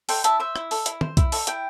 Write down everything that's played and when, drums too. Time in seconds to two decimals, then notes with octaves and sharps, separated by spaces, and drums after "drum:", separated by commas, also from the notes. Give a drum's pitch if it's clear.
0.09 A4 G5 C6, drum: open hi-hat
0.24 E4 E5 A5, drum: hi-hat
0.40 C5 E5
0.56 E4, drum: rim click
0.71 A4, drum: open hi-hat
0.86 E4, drum: hi-hat
1.01 C5, drum: tom
1.17 E4, drum: kick B1, hi-hat
1.32 A4, drum: open hi-hat
1.47 E4 G5, drum: hi-hat